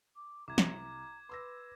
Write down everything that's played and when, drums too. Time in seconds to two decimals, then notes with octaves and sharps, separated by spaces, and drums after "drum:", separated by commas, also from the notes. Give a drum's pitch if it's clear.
0.16 D6
0.48 C2 A#5 D6 G#6
0.58 drum: snare
1.29 B4 C6 E6 A#6